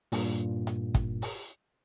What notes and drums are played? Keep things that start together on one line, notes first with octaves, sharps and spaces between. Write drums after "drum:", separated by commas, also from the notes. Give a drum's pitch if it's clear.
G2 A#2, drum: open hi-hat
drum: hi-hat
drum: kick, hi-hat
drum: open hi-hat